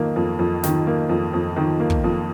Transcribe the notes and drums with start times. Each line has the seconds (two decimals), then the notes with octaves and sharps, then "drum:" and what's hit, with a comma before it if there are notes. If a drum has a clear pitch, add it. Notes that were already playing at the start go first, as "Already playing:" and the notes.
Already playing: F2 D#3 A#3
0.16 F2
0.39 F2
0.63 D#3, drum: snare
0.87 A#3
1.09 F2
1.34 F2
1.56 D#3
1.80 A#3
1.90 drum: kick
2.04 F2